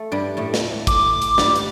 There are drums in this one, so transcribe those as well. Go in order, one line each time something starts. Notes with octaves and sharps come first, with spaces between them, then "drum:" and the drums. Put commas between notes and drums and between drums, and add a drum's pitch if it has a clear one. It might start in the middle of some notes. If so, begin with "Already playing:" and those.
Already playing: A3
G2 G3
A2 A3
drum: snare
D6, drum: kick, hi-hat
drum: hi-hat
G2 G3, drum: snare
drum: hi-hat